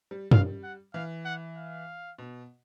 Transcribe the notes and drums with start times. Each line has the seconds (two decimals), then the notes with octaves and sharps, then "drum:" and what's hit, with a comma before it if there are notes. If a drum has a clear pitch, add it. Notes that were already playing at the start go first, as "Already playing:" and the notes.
0.11 G3
0.31 G3 F5, drum: tom F#2
0.64 F#5
0.94 E3 F5
1.25 F#5
1.57 F5
2.18 B2